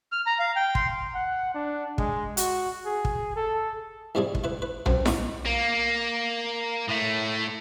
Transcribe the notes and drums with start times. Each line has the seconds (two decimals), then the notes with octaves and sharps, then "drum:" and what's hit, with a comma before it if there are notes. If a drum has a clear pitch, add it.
0.12 F6
0.26 A#5
0.39 F5
0.56 G5
0.75 C6, drum: kick
1.15 F#5
1.54 D4
1.98 G#3, drum: kick
2.37 F#4, drum: hi-hat
2.86 G#4
3.05 drum: kick
3.36 A4
4.15 C2 G#2 G3 G#3 E4 G#4
4.35 drum: kick
4.44 E4 B4
4.62 B4
4.86 F#2 F#3 C4, drum: tom B1
5.06 G#3 D#4 F#4 B5 C#6 D#6, drum: snare E4
5.46 A#3
6.89 A2 A3